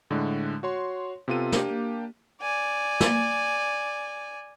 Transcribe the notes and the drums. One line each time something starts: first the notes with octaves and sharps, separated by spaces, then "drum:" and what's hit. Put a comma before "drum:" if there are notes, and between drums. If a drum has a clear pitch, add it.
A2 D3 G#3
F#4 C#5 C6
C3 B3 F4 A4 D#7
A#3 D4 G4, drum: snare
D5 G#5
drum: snare